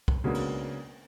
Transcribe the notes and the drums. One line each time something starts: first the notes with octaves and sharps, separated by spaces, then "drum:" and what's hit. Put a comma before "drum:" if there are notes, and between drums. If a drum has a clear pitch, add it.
drum: kick C2
C#3 F#3 G#3 A#3 B3 D4
drum: cymbal